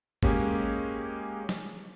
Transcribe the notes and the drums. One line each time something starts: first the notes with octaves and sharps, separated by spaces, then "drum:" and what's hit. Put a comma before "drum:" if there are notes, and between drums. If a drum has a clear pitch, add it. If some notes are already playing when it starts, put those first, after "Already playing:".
G#3 A#3 C#4 G4 G#4, drum: kick G#1
drum: snare